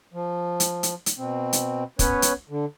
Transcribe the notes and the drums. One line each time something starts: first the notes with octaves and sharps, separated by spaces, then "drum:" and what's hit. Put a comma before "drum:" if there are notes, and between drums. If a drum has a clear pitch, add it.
F3
drum: hi-hat
drum: hi-hat
drum: hi-hat
B2 C4
drum: hi-hat
B3 C#4 B4 C#5, drum: kick, hi-hat
drum: hi-hat
D3